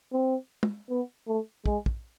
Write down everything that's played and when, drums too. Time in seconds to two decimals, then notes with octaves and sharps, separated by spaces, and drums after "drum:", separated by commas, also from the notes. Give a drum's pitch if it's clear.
0.12 C4
0.63 drum: tom
0.89 B3
1.27 A3
1.66 G#3, drum: kick
1.86 drum: kick